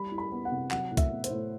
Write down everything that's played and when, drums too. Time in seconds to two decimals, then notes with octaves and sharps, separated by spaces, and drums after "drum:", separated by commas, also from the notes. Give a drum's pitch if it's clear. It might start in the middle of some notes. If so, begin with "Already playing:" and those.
Already playing: G3 B5
0.12 E4
0.18 B5
0.32 B3
0.45 F#5
0.52 C3
0.71 F#3 F#5, drum: clap
0.91 A2
0.97 E5, drum: kick C2, hi-hat
1.10 B3
1.24 C5, drum: hi-hat
1.30 A2